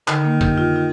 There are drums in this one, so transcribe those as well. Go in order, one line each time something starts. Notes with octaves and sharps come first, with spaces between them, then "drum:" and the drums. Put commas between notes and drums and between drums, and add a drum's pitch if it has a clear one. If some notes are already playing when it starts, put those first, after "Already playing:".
D3 D#3, drum: clap
A#3
G4, drum: kick
F4
F4